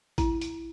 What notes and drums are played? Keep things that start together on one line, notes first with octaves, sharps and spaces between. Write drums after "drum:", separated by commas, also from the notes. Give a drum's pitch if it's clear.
E4, drum: kick A1, hi-hat
drum: hi-hat